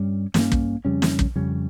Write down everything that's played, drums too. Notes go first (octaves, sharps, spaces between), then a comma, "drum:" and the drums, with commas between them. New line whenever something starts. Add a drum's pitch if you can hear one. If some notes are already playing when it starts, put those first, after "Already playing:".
Already playing: G2 G3 C#4
G2 G3 A#3 C#4, drum: snare
drum: kick
F2 C#3 G3 C#4
drum: snare
drum: kick
F2 C#3 G3 C#4